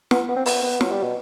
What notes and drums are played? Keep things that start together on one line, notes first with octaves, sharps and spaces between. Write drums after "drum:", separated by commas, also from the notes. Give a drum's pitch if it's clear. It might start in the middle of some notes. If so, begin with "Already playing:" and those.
B3, drum: snare
B3
C4
B3, drum: open hi-hat
B3
F#3, drum: snare
G3
B2